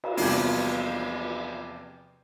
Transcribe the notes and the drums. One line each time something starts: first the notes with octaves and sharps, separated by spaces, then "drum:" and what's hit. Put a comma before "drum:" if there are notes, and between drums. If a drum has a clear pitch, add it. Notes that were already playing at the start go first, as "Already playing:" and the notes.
drum: cymbal
E2 C3 F3 G3 A#3, drum: open hi-hat